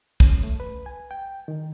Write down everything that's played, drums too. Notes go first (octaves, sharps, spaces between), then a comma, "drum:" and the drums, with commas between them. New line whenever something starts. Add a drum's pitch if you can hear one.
C#4, drum: kick
A3
B4
G#5
G5
D#3